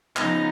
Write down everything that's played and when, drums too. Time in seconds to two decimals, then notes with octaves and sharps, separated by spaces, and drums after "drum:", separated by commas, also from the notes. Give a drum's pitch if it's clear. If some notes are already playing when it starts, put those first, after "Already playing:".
0.16 C#3 F3 B3 D#4 A#5, drum: clap